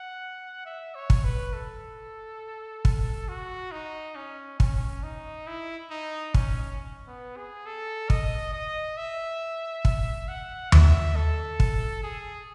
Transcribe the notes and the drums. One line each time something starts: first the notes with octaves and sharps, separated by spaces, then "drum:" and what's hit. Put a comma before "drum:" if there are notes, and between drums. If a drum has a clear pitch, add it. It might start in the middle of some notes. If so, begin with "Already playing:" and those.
Already playing: F#5
E5
C#5
drum: kick
B4
A4
drum: kick
F#4
D#4
C#4
C#4, drum: kick
D#4
E4
D#4
C#4, drum: kick
B3
G#4
A4
D#5, drum: kick
D#5
E5
drum: kick
F#5
E5, drum: tom D#2
A4
drum: kick
G#4